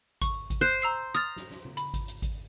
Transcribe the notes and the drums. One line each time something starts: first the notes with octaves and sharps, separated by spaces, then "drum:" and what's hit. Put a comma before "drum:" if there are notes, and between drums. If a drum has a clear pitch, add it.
C#6, drum: kick G#1, hi-hat
drum: kick G#1, hi-hat
C5 F#6
A#5 E6 C7
A#5 D#6 F6 A6
drum: snare
drum: snare
drum: tom C#3
B5, drum: hi-hat
drum: kick G#1, hi-hat
drum: hi-hat
drum: kick G#1, hi-hat